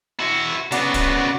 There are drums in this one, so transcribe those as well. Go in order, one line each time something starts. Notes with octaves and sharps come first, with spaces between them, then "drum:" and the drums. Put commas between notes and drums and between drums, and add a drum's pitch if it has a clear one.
E4 F#4
C#3 B3 F#4 D5, drum: hi-hat
drum: kick D1, hi-hat